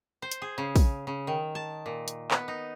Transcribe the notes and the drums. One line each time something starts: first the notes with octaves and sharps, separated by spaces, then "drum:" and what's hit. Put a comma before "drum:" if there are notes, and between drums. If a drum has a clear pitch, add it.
C5
drum: hi-hat
G#4
C#3
drum: kick, open hi-hat
C#3
D#3
A5
A#2
drum: hi-hat
B3, drum: clap
D#4